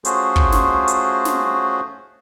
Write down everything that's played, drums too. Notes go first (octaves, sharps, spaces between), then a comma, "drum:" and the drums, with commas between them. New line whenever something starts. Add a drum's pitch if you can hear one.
A3 C#4 F4 F#4 G#4 C5, drum: hi-hat
drum: kick
drum: snare
drum: hi-hat
drum: snare